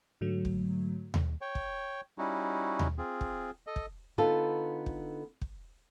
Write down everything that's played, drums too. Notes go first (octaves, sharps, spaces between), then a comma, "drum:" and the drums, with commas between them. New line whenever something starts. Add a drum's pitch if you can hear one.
G#2 D3 F#3 A3
drum: kick
drum: tom D#2
C#5 G5
drum: kick
G3 C#4 D#4 E4 F#4
drum: tom D#2
C4 F4 G#4
drum: kick
A4 D#5
drum: kick
D3 B3 D#4 F4 A4
drum: kick
drum: kick